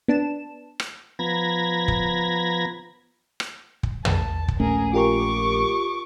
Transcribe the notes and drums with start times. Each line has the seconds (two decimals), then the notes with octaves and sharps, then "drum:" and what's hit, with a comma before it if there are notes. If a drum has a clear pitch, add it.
0.08 B3 D4 A5 E7
0.80 drum: rim click
1.19 F3 B3 A#5 B5 G#6 A#6
1.88 drum: kick
3.40 drum: rim click
3.83 drum: kick
4.05 A5, drum: tom
4.48 drum: kick
4.60 A#1 A3 C#4 G#4 A#4
4.93 F4 G4 A#4 C#6 D6